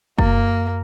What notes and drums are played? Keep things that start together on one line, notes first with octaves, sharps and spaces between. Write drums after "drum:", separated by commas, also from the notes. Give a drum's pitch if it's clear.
F#2 A#3, drum: kick